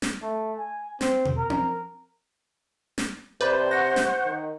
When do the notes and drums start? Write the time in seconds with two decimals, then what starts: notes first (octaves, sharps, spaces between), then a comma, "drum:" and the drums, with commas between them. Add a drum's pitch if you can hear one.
0.02 drum: snare
0.22 A3
0.58 G#5
1.01 C4, drum: snare
1.25 drum: tom B2
1.37 A#4
1.50 drum: tom C4
2.98 drum: snare
3.41 C3 B4 C5 D5 G5 A5 B5
3.71 F#5 C#6 A#6
3.96 drum: snare
4.26 D#3